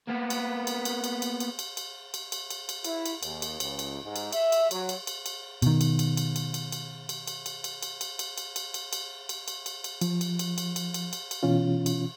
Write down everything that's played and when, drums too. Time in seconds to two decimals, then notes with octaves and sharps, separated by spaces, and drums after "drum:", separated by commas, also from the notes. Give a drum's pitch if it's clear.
0.08 A#3 B3
0.30 drum: cymbal
0.67 drum: cymbal
0.85 drum: cymbal
1.04 drum: cymbal
1.22 drum: cymbal
1.40 drum: cymbal
1.59 drum: cymbal
1.77 drum: cymbal
2.14 drum: cymbal
2.32 drum: cymbal
2.50 drum: cymbal
2.69 drum: cymbal
2.84 E4, drum: cymbal
3.06 drum: cymbal
3.23 D#2, drum: cymbal
3.42 drum: cymbal
3.60 C#2, drum: cymbal
3.79 drum: cymbal
4.04 G#2
4.16 drum: cymbal
4.32 E5, drum: cymbal
4.52 drum: cymbal
4.71 F#3, drum: cymbal
4.89 drum: cymbal
5.07 drum: cymbal
5.26 drum: cymbal
5.62 B2 D#3, drum: cymbal
5.81 drum: cymbal
5.99 drum: cymbal
6.17 drum: cymbal
6.36 drum: cymbal
6.54 drum: cymbal
6.72 drum: cymbal
7.09 drum: cymbal
7.27 drum: cymbal
7.46 drum: cymbal
7.64 drum: cymbal
7.82 drum: cymbal
8.01 drum: cymbal
8.19 drum: cymbal
8.38 drum: cymbal
8.56 drum: cymbal
8.74 drum: cymbal
8.93 drum: cymbal
9.29 drum: cymbal
9.48 drum: cymbal
9.66 drum: cymbal
9.84 drum: cymbal
10.01 F3, drum: cymbal
10.21 drum: cymbal
10.39 drum: cymbal
10.58 drum: cymbal
10.76 drum: cymbal
10.94 drum: cymbal
11.13 drum: cymbal
11.31 drum: cymbal
11.43 B2 E3 C#4 F4
11.86 drum: cymbal